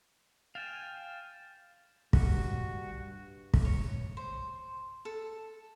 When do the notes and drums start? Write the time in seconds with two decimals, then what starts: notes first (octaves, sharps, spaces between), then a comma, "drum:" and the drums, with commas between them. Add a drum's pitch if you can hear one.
0.55 F5 G5 G#5 F6 A6 E7
2.13 G2 F#4, drum: kick
3.54 drum: kick
3.65 C#5
4.17 C5
5.05 A4